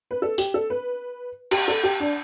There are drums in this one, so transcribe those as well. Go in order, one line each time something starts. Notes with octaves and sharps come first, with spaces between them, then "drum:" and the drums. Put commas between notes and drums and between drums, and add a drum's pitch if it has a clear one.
B4
A4
G4, drum: tambourine
A4
B4
G4, drum: cymbal
A4
G4
D4